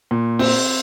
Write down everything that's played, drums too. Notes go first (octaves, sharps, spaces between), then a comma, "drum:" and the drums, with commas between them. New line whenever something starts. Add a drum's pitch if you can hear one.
A#2
C4, drum: cymbal